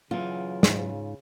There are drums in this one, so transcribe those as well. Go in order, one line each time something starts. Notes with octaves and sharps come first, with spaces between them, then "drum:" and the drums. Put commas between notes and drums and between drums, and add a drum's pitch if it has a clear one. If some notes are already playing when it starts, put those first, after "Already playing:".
F#2 C#3 E3 F4
G#2, drum: snare